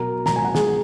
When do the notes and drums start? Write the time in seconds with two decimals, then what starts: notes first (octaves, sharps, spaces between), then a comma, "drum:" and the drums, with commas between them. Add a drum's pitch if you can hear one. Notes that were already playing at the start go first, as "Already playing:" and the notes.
Already playing: B2 F#3 A#4 A#5
0.26 B2 F#3 A#5, drum: snare
0.36 G#5
0.44 F#5
0.55 G#4 G#5, drum: snare